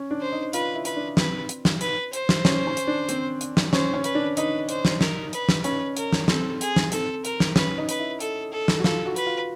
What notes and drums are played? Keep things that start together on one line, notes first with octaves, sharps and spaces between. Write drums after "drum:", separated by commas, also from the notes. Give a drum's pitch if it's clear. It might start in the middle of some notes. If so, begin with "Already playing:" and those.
Already playing: C#4
D4
C5
D#4
F4 B4, drum: hi-hat
E4
B4, drum: hi-hat
D4
C4 B4, drum: snare
drum: hi-hat
drum: snare
B4, drum: hi-hat
C5, drum: hi-hat
drum: snare
C#4, drum: snare
C#4
drum: hi-hat
D4
C4, drum: hi-hat
drum: hi-hat
drum: snare
C#4 C5, drum: snare
C#4
B4, drum: hi-hat
D4
D#4 B4, drum: hi-hat
C5, drum: hi-hat
drum: snare
A#4, drum: snare
B4, drum: hi-hat
drum: snare
C#4 B4, drum: hi-hat
A#4, drum: hi-hat
drum: snare
C4 A4, drum: snare
G#4, drum: hi-hat
drum: snare
C4 A4, drum: hi-hat
A#4, drum: hi-hat
drum: snare
C#4 B4, drum: snare
D#4
B4, drum: hi-hat
E4
A4, drum: hi-hat
A4
drum: snare
F#4
F4 A4, drum: snare
F#4
B4, drum: hi-hat
F4